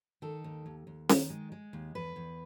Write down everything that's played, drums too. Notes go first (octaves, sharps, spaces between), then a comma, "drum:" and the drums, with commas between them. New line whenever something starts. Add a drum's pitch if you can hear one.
D#3 A4
D#2
D#2
D#2
D#3, drum: snare C#4
G#3
G#3
D#2
E2 B4
E2